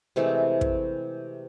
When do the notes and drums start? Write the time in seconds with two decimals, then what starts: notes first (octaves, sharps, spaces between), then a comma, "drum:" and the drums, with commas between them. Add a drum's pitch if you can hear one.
0.16 C3 E3 G#3 A3
0.61 drum: kick